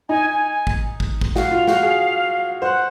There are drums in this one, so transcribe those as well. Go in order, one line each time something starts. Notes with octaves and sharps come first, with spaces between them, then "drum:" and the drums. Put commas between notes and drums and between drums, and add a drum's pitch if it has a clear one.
D#4 G#5
G#5
G#5
drum: kick
drum: kick
drum: kick
F#4 F5, drum: snare
F4
F#4, drum: snare
G#4
C5 F#5